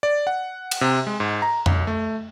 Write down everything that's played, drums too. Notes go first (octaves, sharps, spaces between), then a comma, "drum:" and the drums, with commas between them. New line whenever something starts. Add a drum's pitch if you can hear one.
D5
F#5
drum: cymbal
C3
G#3
G#2
A#5
B1, drum: tom F2
A3